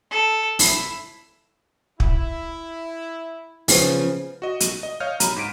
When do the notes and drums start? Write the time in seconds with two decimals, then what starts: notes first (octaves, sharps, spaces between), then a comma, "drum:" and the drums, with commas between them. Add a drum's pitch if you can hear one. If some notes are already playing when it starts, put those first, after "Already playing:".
0.11 A4
0.59 E4, drum: open hi-hat
2.00 E4, drum: kick
3.68 C#3 F3 B3, drum: open hi-hat
4.42 F#4 D#5
4.60 drum: hi-hat
4.83 D#5
5.00 C#5 D#5 F5 F6 G6
5.20 A#5 B5, drum: hi-hat
5.36 G#2 B6 D7 D#7